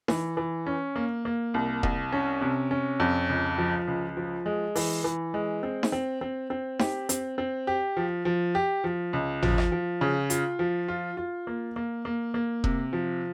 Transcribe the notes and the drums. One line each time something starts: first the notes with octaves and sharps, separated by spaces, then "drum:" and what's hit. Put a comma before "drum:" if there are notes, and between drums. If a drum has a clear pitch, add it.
E3, drum: snare D#4
E3
C#4
A#3
A#3
C2
C2, drum: kick E1
C#4
C3
C#4
F2
C#2
F3
C#2
F3
G#3
E3, drum: open hi-hat
E3
G#3
C4
drum: snare D#4
C4
C4
C4
G4, drum: snare D#4
C4, drum: hi-hat
C4
G4
F3
F3
G4
F3
C#2
F3, drum: tom G#1
drum: rim click
F3
C#3
F4, drum: hi-hat
F3
F4
F4
A#3
A#3
A#3
A#3
C3, drum: kick E1
F3